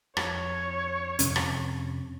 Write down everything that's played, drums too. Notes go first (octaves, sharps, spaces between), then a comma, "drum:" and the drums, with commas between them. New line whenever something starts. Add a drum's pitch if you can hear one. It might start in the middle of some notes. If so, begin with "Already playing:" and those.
F2 C#5, drum: rim click
F2 C3 C#4, drum: hi-hat
drum: rim click